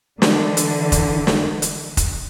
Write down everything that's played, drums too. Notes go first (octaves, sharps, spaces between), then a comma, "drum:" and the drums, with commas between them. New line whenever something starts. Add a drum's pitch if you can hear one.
D3 E3, drum: snare
drum: hi-hat
drum: kick F1, hi-hat
drum: snare
drum: hi-hat
drum: kick F1, hi-hat